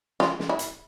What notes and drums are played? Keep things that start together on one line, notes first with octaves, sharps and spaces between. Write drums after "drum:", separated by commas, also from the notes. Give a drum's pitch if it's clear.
F4, drum: snare
drum: snare
E4
drum: hi-hat